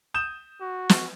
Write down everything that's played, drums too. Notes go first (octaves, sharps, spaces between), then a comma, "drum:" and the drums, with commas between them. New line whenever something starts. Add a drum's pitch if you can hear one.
D#6 G6 E7
F#4
drum: snare